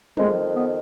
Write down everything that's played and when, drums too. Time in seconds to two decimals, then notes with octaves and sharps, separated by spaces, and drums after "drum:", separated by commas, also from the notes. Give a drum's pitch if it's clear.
0.17 F2 D#3 G#3, drum: tom
0.54 B3